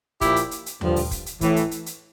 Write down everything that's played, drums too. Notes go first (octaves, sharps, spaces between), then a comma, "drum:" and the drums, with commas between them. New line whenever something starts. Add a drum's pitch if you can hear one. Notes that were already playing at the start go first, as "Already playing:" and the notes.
A#2 F3 E4 G4, drum: kick F1, hi-hat
drum: hi-hat
drum: hi-hat
drum: hi-hat
G2 D3 F3, drum: tom D#2
drum: open hi-hat
drum: kick F1, hi-hat
drum: hi-hat
A2 E3, drum: kick F1, hi-hat
drum: hi-hat
drum: hi-hat
drum: hi-hat